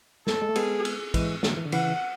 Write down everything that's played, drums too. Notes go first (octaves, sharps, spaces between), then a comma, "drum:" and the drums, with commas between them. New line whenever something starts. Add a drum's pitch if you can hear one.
A4, drum: snare
G#3
A3
G#3 B3 G#4, drum: cymbal
drum: cymbal
E3 G#3, drum: kick, cymbal
D3 F#3, drum: snare
E3
D3
C#3 E3 F#5, drum: cymbal